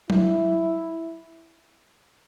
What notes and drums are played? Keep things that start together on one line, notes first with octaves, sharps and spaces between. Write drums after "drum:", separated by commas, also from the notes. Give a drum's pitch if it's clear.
E4, drum: tom F#3